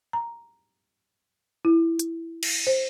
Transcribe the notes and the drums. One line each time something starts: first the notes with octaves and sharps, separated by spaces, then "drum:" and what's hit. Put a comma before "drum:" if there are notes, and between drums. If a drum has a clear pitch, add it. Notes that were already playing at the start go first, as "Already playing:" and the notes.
A#5
E4
drum: hi-hat
drum: cymbal
C5